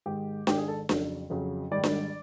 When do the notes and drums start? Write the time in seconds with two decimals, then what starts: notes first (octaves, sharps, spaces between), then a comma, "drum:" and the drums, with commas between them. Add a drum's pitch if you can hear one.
0.06 G#2 D#3 G#3 G4
0.47 G#2 D#3 G#3 G4, drum: snare D4
0.58 G#4
0.68 A4
0.89 F2 C#3 F#3, drum: snare D4
1.30 F2 C#3 F#3
1.71 G#2 D#3 G3 D5
1.84 drum: snare D4